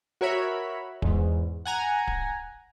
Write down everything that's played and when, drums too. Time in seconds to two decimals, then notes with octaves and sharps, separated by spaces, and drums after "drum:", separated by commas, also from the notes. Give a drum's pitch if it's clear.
0.21 F#4 A#4 C#5 E5 B5
1.02 E2 G#2, drum: kick D1
1.65 F#5 G#5 A#5
2.07 drum: kick D1